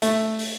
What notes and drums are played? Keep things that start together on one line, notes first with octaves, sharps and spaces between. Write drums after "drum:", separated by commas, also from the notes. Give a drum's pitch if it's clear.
A3, drum: hi-hat
drum: open hi-hat